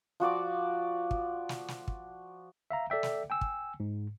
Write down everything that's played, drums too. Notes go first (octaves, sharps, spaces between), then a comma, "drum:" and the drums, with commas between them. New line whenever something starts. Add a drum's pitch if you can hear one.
F3 F#4 D5 D6
drum: kick
drum: snare
drum: snare
drum: kick
E5 F5 A#5
A4 D5 E5 G5
drum: snare
G5 G#5 E6
drum: kick
G#2